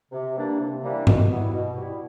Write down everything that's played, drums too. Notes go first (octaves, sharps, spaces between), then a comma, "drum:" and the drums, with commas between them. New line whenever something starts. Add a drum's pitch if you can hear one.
C3
E3 G3 A#3 D4
C3
E3 G3 A#3 D4
B2, drum: tom G2
G3 B3 E4
B2
G3 B3 E4